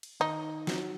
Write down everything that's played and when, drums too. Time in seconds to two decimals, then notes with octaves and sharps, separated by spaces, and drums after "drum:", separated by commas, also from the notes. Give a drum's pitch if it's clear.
0.03 drum: cymbal
0.20 D#3 D#4
0.67 F#3, drum: snare